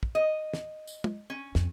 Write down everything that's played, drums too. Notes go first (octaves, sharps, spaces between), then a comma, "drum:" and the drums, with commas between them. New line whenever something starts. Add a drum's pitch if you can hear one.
drum: kick
D#5
drum: snare
drum: tambourine
drum: tom
C#4
F2, drum: snare